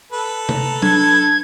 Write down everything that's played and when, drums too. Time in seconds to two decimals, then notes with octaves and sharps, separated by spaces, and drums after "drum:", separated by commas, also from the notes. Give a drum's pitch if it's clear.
0.12 A4 B4
0.49 A#5, drum: tom C3
0.82 D4 G#6, drum: tom F#3